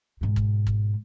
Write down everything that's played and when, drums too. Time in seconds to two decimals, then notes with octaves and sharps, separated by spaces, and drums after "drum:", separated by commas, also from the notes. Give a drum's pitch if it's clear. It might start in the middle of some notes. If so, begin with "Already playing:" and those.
0.21 G#2 B2
0.36 drum: kick
0.67 drum: kick